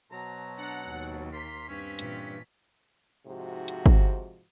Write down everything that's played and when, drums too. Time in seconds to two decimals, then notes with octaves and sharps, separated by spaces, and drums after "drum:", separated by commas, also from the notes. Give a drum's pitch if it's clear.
0.11 B2 F#3 C5 A5 A#5
0.57 D4 F#5
0.90 D#2
1.32 A#3 A#4 C6 B6
1.69 G2 C4 C#4
1.99 A#2 E3, drum: hi-hat
3.27 G#2 C3 F3 D#4 F#4
3.68 drum: hi-hat
3.86 drum: kick